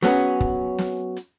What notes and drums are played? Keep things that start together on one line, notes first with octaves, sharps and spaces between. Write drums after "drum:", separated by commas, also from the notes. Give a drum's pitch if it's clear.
F#3 B3 C#4 G#4, drum: snare
drum: kick
drum: snare
drum: hi-hat